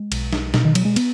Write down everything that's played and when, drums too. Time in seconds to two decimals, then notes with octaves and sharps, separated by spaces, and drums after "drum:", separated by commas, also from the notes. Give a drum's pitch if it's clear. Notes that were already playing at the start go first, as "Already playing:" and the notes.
Already playing: G#3
0.12 B1, drum: cymbal
0.33 drum: snare
0.54 B2, drum: snare
0.65 D#3
0.75 F#3, drum: cymbal
0.85 G#3
0.96 B3, drum: cymbal